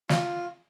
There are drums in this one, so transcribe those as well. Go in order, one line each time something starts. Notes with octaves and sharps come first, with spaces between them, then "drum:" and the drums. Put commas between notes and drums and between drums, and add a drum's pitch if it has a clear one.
F4, drum: snare